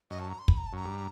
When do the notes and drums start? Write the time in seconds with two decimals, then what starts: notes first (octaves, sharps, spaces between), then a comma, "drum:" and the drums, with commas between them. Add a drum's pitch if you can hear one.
0.11 F#2 D#5
0.20 A5
0.29 A#5
0.39 C6
0.48 B5, drum: kick
0.57 A#5
0.66 A5
0.73 F#2 A#5
0.85 G2